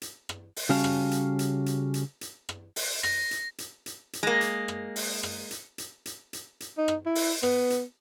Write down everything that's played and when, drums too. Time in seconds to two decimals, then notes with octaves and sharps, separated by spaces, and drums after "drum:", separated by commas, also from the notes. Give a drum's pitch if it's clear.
0.02 drum: hi-hat
0.29 drum: rim click
0.56 drum: open hi-hat
0.69 C#3 G3 C#4 F#4 F5 A5
0.84 drum: rim click
1.11 drum: hi-hat
1.39 drum: hi-hat
1.66 drum: hi-hat
1.94 drum: hi-hat
2.21 drum: hi-hat
2.49 drum: rim click
2.76 drum: open hi-hat
3.03 A#6, drum: rim click
3.31 drum: hi-hat
3.58 drum: hi-hat
3.86 drum: hi-hat
4.13 drum: hi-hat
4.23 G#3 A#3
4.41 drum: hi-hat
4.68 drum: rim click
4.96 drum: open hi-hat
5.23 drum: rim click
5.51 drum: hi-hat
5.78 drum: hi-hat
6.06 drum: hi-hat
6.33 drum: hi-hat
6.60 drum: hi-hat
6.78 D#4
6.88 drum: rim click
7.06 E4
7.15 drum: open hi-hat
7.43 B3, drum: rim click
7.70 drum: hi-hat